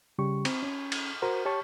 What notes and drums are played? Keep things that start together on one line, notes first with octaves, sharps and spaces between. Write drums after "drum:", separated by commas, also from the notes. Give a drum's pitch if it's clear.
C#3 G3 G4 C#6
C4, drum: cymbal
C#4
drum: cymbal
F#4 A#4 C5
G4 C#5 A5 C#6